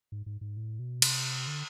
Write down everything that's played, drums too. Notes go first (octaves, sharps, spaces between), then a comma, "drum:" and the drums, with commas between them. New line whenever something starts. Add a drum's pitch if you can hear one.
G#2
G#2
G#2
A2
B2
C3, drum: cymbal
D3